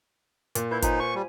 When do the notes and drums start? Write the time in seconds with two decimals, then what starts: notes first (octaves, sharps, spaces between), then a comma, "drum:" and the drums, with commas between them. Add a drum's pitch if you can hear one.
0.55 A#2, drum: hi-hat
0.71 E4 B4 G6
0.82 D#4 F4 C5 G#5, drum: kick G1, hi-hat
1.00 C#6
1.15 G3